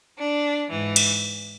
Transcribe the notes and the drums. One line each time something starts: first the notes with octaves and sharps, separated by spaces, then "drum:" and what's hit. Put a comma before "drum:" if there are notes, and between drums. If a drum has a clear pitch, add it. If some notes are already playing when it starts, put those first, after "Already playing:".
D4
G#2 E3
drum: cymbal